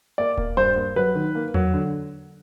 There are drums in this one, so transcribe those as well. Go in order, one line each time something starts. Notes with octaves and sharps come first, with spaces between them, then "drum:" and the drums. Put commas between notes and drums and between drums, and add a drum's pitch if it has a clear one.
A#3 D5
A#3, drum: kick D#1
G2 C5
A#3
F#3 B4
D#3
A#3
F#3, drum: tom E2
D3